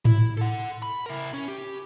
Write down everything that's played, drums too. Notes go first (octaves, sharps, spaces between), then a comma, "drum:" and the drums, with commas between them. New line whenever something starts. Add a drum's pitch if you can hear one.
E4, drum: tom G#2
A4 F#5
B5
E4 A#4
C#4
G4